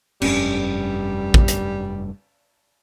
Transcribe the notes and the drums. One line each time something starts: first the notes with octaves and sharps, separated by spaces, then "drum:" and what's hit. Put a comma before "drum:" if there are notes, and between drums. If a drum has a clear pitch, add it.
F1 G2 G3 C#4, drum: cymbal
drum: kick
drum: hi-hat